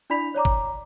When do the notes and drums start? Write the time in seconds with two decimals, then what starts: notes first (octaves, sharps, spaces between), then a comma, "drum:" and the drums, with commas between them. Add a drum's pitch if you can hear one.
0.10 D4 E4 D5 B5 B6 F7
0.34 C#5 D5 A#5 D6
0.45 drum: kick